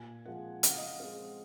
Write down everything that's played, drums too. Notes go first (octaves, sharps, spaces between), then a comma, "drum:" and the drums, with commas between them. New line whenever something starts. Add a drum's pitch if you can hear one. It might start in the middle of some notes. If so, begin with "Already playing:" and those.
Already playing: A#2 G#5
F3 G#3 C4 F#5
C#3 F#5, drum: hi-hat
F5
D#5
F5
G#3 C4 F#5